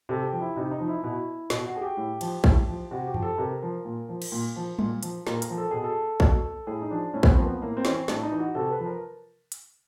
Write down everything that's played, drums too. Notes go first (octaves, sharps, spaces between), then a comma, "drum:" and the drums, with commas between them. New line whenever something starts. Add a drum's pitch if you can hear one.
C3 A4
G4
F3
E4
C3 D#4
D#4
F3
E4
B2 E4
B2, drum: snare
F#4
G#4
G4
A2
F3, drum: cymbal
A2, drum: kick A#1
F3
C3 F#4
G4
F3, drum: tom F#2
A4
C3 A#4
F3
A#2
F3
drum: cymbal
A#2
F3
A#2, drum: tom G3
F3, drum: hi-hat
A#2 A#4, drum: snare
A#4, drum: hi-hat
F3
A4
B2 G#4
A4
B2, drum: kick A#1
A2 G#4
D#4
F3 D4
A2 C#4
B3, drum: kick A#1
C4
F3 A#3
B3
A2 A#3
C4
E3 C#4, drum: snare
C4
A2 D4, drum: snare
D#4
E3
F#4
C3 A4
B4
F3
A#4
drum: hi-hat